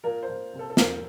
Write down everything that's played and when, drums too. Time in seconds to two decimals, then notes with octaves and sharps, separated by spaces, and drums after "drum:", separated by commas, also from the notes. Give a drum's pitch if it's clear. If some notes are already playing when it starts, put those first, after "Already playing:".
0.04 A#2 A#4
0.23 C5
0.28 A#2
0.53 C2
0.59 A4
0.70 A4
0.77 G3 A#4, drum: snare